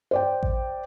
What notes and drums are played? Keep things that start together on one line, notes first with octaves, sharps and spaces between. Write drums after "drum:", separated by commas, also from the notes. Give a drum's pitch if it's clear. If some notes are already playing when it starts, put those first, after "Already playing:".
C5 D5 G5
drum: kick A1